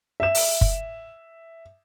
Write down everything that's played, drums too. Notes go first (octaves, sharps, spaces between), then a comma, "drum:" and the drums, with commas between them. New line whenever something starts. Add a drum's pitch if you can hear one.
E5 E7
drum: open hi-hat
drum: kick